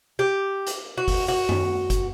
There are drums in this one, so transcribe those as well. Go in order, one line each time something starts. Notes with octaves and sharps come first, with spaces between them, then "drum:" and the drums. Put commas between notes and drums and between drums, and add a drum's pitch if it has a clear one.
G4
drum: hi-hat
F#4
drum: kick F#1, open hi-hat
F#4
drum: tom F#2
drum: kick F#1, hi-hat